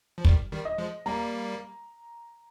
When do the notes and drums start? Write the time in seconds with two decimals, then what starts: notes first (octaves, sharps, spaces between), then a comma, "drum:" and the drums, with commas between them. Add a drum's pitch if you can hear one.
0.18 F3
0.25 D#3 G3, drum: kick
0.52 D#3 G3
0.65 D#5
0.78 F3 G#3
1.06 G3 A#3 A#5